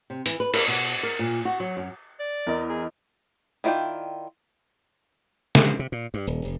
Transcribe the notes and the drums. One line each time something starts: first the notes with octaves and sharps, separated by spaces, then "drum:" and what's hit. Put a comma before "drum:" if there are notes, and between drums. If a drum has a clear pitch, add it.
C3
E3, drum: hi-hat
B4
A#4, drum: cymbal
B2
A#4
A#2
F#4
F#3
F#2
D5
E2 A#4 D#5
G#4
D#3 E4 F4 D5 G5
drum: snare
C3
A#2
G2
D#1
F1